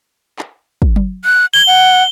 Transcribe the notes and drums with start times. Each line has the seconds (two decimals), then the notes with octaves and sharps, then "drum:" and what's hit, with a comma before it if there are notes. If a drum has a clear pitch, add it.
0.39 drum: clap
0.82 drum: kick
0.96 drum: tom F#3
1.25 F#6
1.54 G#6 G7
1.67 F#5